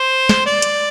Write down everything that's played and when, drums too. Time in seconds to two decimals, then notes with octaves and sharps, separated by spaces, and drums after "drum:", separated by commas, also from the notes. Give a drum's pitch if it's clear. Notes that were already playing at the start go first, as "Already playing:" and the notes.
Already playing: C5
0.29 drum: snare
0.46 D5
0.62 drum: hi-hat